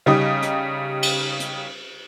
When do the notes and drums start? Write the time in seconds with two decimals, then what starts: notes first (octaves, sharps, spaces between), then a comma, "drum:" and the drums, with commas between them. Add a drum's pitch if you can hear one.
0.06 C#3 G3 D#4 D#5
0.42 drum: hi-hat
1.03 drum: cymbal
1.40 drum: hi-hat